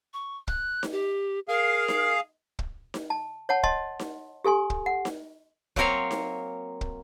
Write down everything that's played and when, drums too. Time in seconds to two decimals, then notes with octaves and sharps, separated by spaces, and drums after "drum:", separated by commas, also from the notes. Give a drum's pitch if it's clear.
0.14 C#6
0.48 F#6, drum: kick
0.83 drum: snare D#4
0.92 G4
1.49 G#4 A#4 F5
1.88 drum: snare D#4
2.59 drum: kick
2.94 drum: snare D#4
3.10 A5
3.49 C#5 F#5 A5
3.63 D#5 A5 C6, drum: kick
3.99 drum: snare D#4
4.44 G4 A4 G#5 C6
4.70 drum: kick
4.86 F#5
5.05 drum: snare D#4
5.76 F#3 A#3 C4 A#4 C#5 F5, drum: kick
6.11 drum: snare D#4
6.81 drum: kick